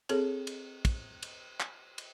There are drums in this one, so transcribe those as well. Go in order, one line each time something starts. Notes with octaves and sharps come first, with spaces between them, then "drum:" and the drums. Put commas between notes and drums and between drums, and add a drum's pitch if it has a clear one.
C4 G#4 A4 C#5, drum: cymbal
drum: cymbal
drum: kick, cymbal
drum: cymbal
drum: clap
drum: cymbal